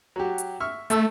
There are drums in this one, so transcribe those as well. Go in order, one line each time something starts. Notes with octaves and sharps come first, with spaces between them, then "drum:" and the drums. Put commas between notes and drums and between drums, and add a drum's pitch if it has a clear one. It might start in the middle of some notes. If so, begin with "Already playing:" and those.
F#3 F#4 G4
drum: hi-hat
E5 C#6 F6
A3 A5 E6, drum: hi-hat